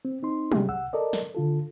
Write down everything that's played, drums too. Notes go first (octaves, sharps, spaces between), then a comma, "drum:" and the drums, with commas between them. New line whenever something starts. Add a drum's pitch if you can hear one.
C4
C4 D#4 C6
C3 F#3 C#4 G4 G#4, drum: tom
C2 F#5 E6
A4 A#4 D5 D#5
drum: snare
D3 F4 A4